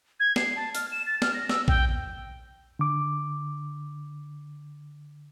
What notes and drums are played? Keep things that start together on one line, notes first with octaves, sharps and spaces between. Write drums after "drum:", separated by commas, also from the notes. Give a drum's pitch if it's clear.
G#6
C7, drum: snare
A5
F6, drum: hi-hat
E7
A6
F6, drum: snare
A#6
E6, drum: snare
G5, drum: kick A#1
D3 D6